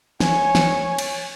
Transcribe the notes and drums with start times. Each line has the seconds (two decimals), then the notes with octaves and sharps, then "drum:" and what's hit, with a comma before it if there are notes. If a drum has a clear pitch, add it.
0.20 C#5 G#5, drum: snare
0.55 drum: snare
0.98 drum: cymbal